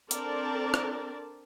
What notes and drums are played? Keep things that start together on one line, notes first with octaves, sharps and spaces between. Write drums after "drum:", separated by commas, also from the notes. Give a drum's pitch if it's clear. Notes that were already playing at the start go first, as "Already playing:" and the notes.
C4 D4 A4 A#4 D5 A5, drum: hi-hat
drum: rim click